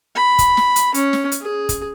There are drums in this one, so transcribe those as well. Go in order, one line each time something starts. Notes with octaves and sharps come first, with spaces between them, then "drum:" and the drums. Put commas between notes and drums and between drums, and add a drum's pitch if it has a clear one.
B5
drum: kick, hi-hat
drum: snare
drum: hi-hat
C#4, drum: hi-hat
drum: snare
drum: hi-hat
G#4
drum: kick, hi-hat